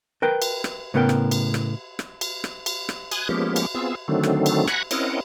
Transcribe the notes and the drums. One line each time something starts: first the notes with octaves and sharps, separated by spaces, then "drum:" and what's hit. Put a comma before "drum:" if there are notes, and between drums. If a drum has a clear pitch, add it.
A#4 B4 G5
drum: cymbal
drum: rim click
A2 C#3 B3 A#4 G5
drum: rim click
drum: cymbal
drum: rim click
drum: rim click
drum: cymbal
drum: rim click
drum: cymbal
drum: rim click
G#5 D#6 F#6, drum: cymbal
F3 G#3 A#3 B3 C#4 G4
drum: cymbal
B3 C4 F4 G#4 E6
D3 D#3 F#3 A3 C4
drum: rim click
drum: cymbal
F#5 G#5 A#5 B5 C#6 F#6, drum: rim click
C4 C#4 E4 A#4 D#5 F#5, drum: cymbal